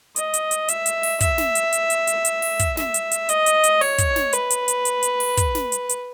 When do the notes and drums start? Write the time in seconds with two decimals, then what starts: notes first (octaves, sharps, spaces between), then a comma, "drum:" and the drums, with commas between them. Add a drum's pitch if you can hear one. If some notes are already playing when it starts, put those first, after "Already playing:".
0.16 D#5, drum: hi-hat
0.34 drum: hi-hat
0.51 drum: hi-hat
0.69 E5, drum: hi-hat
0.86 drum: hi-hat
1.03 drum: open hi-hat
1.21 E5, drum: kick, hi-hat
1.38 drum: snare
1.55 drum: hi-hat
1.73 drum: hi-hat
1.90 drum: hi-hat
2.07 drum: hi-hat
2.25 drum: hi-hat
2.42 drum: open hi-hat
2.60 drum: kick, hi-hat
2.77 E5, drum: snare
2.94 drum: hi-hat
3.12 drum: hi-hat
3.29 D#5, drum: hi-hat
3.46 drum: hi-hat
3.64 drum: hi-hat
3.81 C#5, drum: open hi-hat
3.98 drum: kick, hi-hat
4.16 drum: snare
4.33 B4, drum: hi-hat
4.51 drum: hi-hat
4.68 drum: hi-hat
4.85 drum: hi-hat
5.03 drum: hi-hat
5.20 drum: open hi-hat
5.37 drum: kick, hi-hat
5.55 drum: snare
5.72 drum: hi-hat
5.90 drum: hi-hat